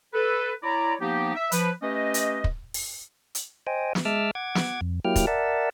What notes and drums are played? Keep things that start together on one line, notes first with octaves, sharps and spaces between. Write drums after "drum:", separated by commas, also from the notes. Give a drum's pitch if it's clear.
A4 B4
E4 C#5 D5 A#5
F3 A#3 B3 D#4 G4
E5
F3 B4, drum: hi-hat
A3 C#4 G4 B4 D#5
drum: hi-hat
drum: kick
drum: open hi-hat
drum: hi-hat
C5 D#5 G5 G#5
drum: snare
G#3 E5 A5 D6 E6 F6
F#5 D6 G#6
drum: snare
F2
F#3 A#3 E4 G4 G5 F6
drum: kick, hi-hat
A#4 D5 E5 F#5 A5